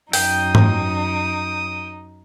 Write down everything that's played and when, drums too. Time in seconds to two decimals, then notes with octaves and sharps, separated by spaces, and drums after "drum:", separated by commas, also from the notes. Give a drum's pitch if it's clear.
0.13 F#2 D#4 G5 D#6, drum: open hi-hat
0.55 drum: tom G#2